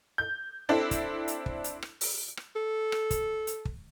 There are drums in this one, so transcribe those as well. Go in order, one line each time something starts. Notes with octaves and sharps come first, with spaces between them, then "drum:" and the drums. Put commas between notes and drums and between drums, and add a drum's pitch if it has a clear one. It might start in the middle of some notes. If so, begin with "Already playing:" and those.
G6
C4 D4 E4 A4
drum: kick, hi-hat
drum: hi-hat
drum: kick
drum: hi-hat
drum: rim click
drum: open hi-hat
drum: rim click
A4
drum: rim click
drum: kick, hi-hat
drum: hi-hat
drum: kick